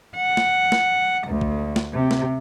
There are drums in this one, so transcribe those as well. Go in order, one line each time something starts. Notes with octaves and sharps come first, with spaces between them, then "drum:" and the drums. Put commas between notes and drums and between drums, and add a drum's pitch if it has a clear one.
F#5
drum: snare
drum: snare
D2
drum: kick
drum: snare
C3
drum: snare